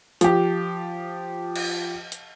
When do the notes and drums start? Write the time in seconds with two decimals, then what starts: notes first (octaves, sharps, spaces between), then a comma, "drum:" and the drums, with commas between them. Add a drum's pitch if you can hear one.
0.21 F3 G4, drum: hi-hat
1.56 drum: cymbal
2.12 drum: hi-hat